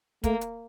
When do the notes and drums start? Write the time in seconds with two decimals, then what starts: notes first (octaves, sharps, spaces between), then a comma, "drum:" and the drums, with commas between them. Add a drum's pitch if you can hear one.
0.24 A3 A#3, drum: kick, hi-hat
0.41 drum: hi-hat